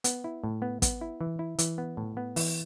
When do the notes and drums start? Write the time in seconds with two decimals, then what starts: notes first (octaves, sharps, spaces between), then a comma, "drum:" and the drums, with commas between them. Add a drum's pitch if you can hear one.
0.04 B3, drum: hi-hat
0.24 E4
0.44 A2
0.62 B3
0.82 B3, drum: kick, hi-hat
1.01 E4
1.21 E3
1.39 E4
1.59 E3, drum: hi-hat
1.78 B3
1.97 A2
2.17 B3
2.36 E3, drum: open hi-hat